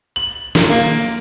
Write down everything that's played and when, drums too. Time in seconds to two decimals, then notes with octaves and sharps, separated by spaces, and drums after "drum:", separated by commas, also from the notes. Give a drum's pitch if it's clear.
0.16 F#7
0.55 drum: snare
0.70 A#3